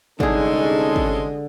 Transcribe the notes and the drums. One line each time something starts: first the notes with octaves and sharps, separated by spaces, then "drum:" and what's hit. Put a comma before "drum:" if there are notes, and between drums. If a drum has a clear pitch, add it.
C2 D3 G#3 C#4 D#4 G#4 A4, drum: kick
drum: kick